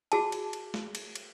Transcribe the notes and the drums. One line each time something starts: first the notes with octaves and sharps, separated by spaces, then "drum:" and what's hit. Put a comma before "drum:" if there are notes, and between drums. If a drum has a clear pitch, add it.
F#4 G#4 A5, drum: cymbal
drum: cymbal
drum: cymbal
drum: snare
drum: cymbal
drum: cymbal